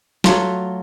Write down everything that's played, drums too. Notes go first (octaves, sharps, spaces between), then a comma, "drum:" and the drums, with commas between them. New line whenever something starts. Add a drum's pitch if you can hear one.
F#3 A3 F4, drum: snare